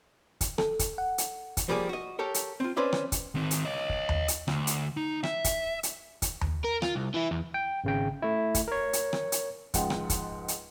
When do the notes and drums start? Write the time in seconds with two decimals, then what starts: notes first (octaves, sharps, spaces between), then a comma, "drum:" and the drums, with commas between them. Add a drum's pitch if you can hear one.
0.41 drum: kick, hi-hat
0.58 A4, drum: rim click
0.79 drum: kick, hi-hat
0.98 F#5
1.18 drum: hi-hat
1.57 drum: kick, hi-hat
1.69 F3 G3 A#3 G#4 D5
1.89 F#4 D#5
2.19 G4 A4 A#4 C#5
2.34 drum: hi-hat
2.60 C4 F4
2.76 C4 C#4 B4 C5 D5 E5
2.93 drum: rim click
3.12 drum: kick, hi-hat
3.35 D#3 C4
3.51 drum: hi-hat
3.65 C#5 D#5
3.89 drum: kick
4.09 drum: tom D#2
4.28 drum: hi-hat
4.48 D2, drum: rim click
4.67 drum: hi-hat
4.97 D#4
5.23 E5, drum: rim click
5.44 drum: kick, hi-hat
5.83 drum: hi-hat
6.22 drum: kick, hi-hat
6.41 drum: tom D#2
6.64 A#4
6.82 F4, drum: rim click
6.95 C2
7.14 E3 E4
7.31 E2
7.54 G5
7.84 G#1 C#3 G5
8.22 A3 E4
8.55 drum: kick, hi-hat
8.68 A#4 C#5
8.93 drum: hi-hat
9.13 drum: rim click
9.32 drum: hi-hat
9.74 C#2 G#2 F3 F#5 G5, drum: kick, hi-hat
9.90 drum: rim click
10.10 drum: kick, hi-hat
10.48 drum: hi-hat